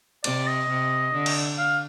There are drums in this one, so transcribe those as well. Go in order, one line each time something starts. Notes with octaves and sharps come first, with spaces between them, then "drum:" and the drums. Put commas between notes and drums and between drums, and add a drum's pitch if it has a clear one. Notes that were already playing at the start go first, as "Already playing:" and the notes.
C3 D5, drum: cymbal
D#5
C3
D3
drum: cymbal
F5